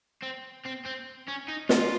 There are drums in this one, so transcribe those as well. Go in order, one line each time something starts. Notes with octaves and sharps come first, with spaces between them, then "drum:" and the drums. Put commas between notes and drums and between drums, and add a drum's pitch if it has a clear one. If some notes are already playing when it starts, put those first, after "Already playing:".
C4
C4
C4
C#4
D#4
F4, drum: snare